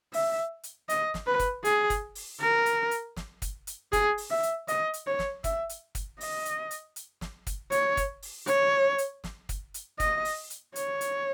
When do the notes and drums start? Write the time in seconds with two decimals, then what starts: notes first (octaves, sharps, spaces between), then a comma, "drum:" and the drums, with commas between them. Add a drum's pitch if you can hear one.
0.13 E5, drum: open hi-hat
0.63 drum: hi-hat
0.89 D#5, drum: hi-hat
1.14 drum: snare
1.27 B4
1.39 drum: kick, hi-hat
1.65 G#4, drum: hi-hat
1.90 drum: kick, hi-hat
2.15 drum: open hi-hat
2.41 A#4
2.66 drum: hi-hat
2.91 drum: hi-hat
3.16 drum: snare
3.42 drum: kick, hi-hat
3.67 drum: hi-hat
3.93 G#4, drum: kick, hi-hat
4.18 drum: open hi-hat
4.30 E5
4.43 drum: hi-hat
4.68 D#5, drum: hi-hat
4.94 drum: hi-hat
5.07 C#5
5.19 drum: snare
5.44 E5, drum: kick, hi-hat
5.69 drum: hi-hat
5.95 drum: kick, hi-hat
6.21 D#5, drum: open hi-hat
6.45 drum: hi-hat
6.71 drum: hi-hat
6.96 drum: hi-hat
7.21 drum: snare
7.47 drum: kick, hi-hat
7.72 C#5, drum: hi-hat
7.97 drum: kick, hi-hat
8.22 drum: open hi-hat
8.47 C#5, drum: hi-hat
8.98 drum: hi-hat
9.24 drum: snare
9.49 drum: kick, hi-hat
9.74 drum: hi-hat
10.00 D#5, drum: kick, hi-hat
10.25 drum: open hi-hat
10.50 drum: hi-hat
10.76 C#5, drum: hi-hat
11.01 drum: hi-hat